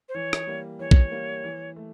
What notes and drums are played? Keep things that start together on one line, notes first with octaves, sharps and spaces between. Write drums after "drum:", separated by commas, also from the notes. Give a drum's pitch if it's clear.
C5
E3 C#5
drum: rim click
G3 A#3
E3 C#5
drum: kick
G3 A#3
E3
A3